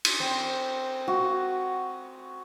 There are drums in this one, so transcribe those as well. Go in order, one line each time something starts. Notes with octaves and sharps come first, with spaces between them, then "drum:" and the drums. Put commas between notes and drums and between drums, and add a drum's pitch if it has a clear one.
drum: cymbal
C4
F#4